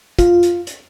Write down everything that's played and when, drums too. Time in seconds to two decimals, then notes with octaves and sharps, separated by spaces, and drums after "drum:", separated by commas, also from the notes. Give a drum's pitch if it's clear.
0.19 F4, drum: kick, hi-hat
0.43 drum: hi-hat
0.67 drum: hi-hat